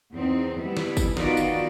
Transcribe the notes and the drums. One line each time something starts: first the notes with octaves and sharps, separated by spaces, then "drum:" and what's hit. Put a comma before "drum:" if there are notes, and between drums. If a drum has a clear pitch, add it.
E2 C4 D#4
G3 B3 E4
drum: snare
drum: kick, tambourine
D#3 B3 D#4 F4 F#4 D5, drum: snare
drum: tambourine